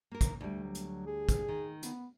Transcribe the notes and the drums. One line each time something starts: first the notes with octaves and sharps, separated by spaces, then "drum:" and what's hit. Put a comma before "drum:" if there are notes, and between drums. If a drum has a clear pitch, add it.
A#3 A#4
drum: kick, hi-hat
D2 G3 A3
F#3
drum: hi-hat
G#4
drum: kick, hi-hat
D#3
B3, drum: hi-hat